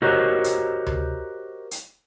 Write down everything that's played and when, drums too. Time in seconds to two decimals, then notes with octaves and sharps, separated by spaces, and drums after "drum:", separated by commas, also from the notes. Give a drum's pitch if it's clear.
0.02 F#4 G4 A#4 C5 C#5 D#5
0.44 drum: hi-hat
0.87 drum: tom D2
1.71 drum: hi-hat